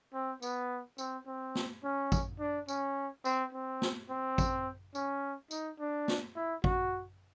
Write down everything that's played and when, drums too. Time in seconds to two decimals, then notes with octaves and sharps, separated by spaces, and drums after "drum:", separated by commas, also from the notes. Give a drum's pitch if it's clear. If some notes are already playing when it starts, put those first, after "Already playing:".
0.14 C4
0.42 B3, drum: tambourine
0.98 C4, drum: tambourine
1.27 C4
1.55 drum: snare
1.84 C#4
2.12 drum: kick, tambourine
2.40 D4
2.68 C#4, drum: tambourine
3.25 C4, drum: tambourine
3.53 C4
3.82 drum: snare
4.10 C4
4.38 drum: kick, tambourine
4.95 C#4, drum: tambourine
5.51 D#4, drum: tambourine
5.80 D4
6.08 drum: snare
6.36 E4
6.64 F#4, drum: kick